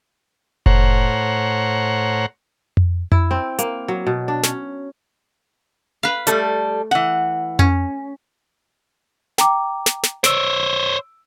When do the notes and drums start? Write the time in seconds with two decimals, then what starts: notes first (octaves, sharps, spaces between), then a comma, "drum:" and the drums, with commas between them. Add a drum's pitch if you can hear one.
0.66 A2 C5 C#5 F#5 A#5, drum: kick F1
2.77 drum: tom F2
3.12 E4, drum: tom F2
3.31 C4
3.59 A#3, drum: hi-hat
3.88 F#3
4.07 B2
4.28 D4
4.43 C#4, drum: snare
6.03 B4 F5
6.27 G3 A3 A4, drum: hi-hat
6.91 E3 F#5
7.59 C#4, drum: tom F2
9.38 G5 A#5 D6, drum: snare
9.86 drum: snare
10.03 drum: snare
10.24 C5 C#5 E6 D7, drum: snare